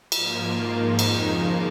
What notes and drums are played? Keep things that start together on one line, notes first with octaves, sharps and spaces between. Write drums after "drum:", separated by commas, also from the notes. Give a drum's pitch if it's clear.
G#2 F3 A#3, drum: cymbal
D#3 A#3 F4
G#2 F3 A#3 D#4
F2 D#3 G#3 D#4, drum: cymbal
C#3 F3 A#3